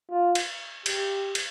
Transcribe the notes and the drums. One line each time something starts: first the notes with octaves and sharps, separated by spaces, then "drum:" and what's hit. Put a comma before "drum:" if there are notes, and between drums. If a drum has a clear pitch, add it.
F4
drum: cymbal
G4, drum: cymbal
drum: cymbal